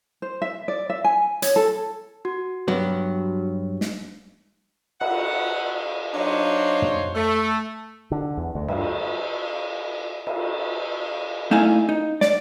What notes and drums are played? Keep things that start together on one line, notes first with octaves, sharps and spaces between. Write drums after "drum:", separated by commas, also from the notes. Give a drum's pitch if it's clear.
C5
E5
D5
E5
G#5
C#5, drum: hi-hat
A4
F#4
G2 F#3 B3
drum: snare
F#5, drum: cymbal
F#3 D4 D#4 C5 C#5 F5
drum: tom
A3
D3
E2
D2
G2, drum: cymbal
drum: cymbal
A3 D#4 E4 F5 G#5
D#4
D5, drum: snare